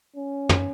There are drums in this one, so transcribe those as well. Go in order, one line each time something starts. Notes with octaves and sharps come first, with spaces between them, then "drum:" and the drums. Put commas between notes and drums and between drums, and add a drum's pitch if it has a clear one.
C#4
drum: tom